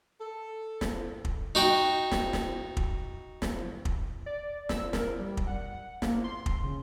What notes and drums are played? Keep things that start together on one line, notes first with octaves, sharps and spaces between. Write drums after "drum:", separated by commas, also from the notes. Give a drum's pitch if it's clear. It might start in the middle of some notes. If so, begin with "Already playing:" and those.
A4
drum: snare
drum: kick
D#4 F#4 G5
drum: snare
drum: snare
drum: kick
drum: snare
drum: kick
D5
E6, drum: snare
A#4, drum: snare
G3
drum: kick
F#5
A#3, drum: snare
C6
drum: kick
C#3